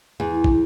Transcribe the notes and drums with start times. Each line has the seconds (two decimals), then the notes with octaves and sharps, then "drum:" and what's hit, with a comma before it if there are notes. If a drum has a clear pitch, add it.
0.20 E2
0.44 drum: kick